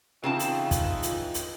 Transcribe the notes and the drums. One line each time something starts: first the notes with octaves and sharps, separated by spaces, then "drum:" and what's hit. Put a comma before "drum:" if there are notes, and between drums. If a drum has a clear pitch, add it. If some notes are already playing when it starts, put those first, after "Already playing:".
C#3 E3 C4 D#4 F4 A5
drum: hi-hat
drum: kick, hi-hat
drum: hi-hat
drum: hi-hat